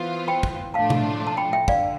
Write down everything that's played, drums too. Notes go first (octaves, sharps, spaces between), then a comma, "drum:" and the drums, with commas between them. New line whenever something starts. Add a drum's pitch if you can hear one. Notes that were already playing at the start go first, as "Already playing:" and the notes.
Already playing: E3 B3 F4 C5
G5 B5
drum: kick
A2 F3 A3 D4 F4 F5 A5
drum: tom B2
A5
G5 B5
E5 G5
D3 D5 F5, drum: kick